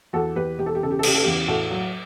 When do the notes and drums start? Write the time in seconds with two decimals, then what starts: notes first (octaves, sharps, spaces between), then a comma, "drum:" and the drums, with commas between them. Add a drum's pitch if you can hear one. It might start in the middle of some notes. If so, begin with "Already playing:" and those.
0.13 E2 F#4 A4
0.35 E2 G4 B4
0.59 E1 G4
0.66 A4
0.75 G4
0.81 C#3 A4
0.91 G4
0.99 A4
1.03 C#3 G4, drum: cymbal
1.15 A4
1.23 E2 G4
1.48 A2 F#4 A4
1.71 F#3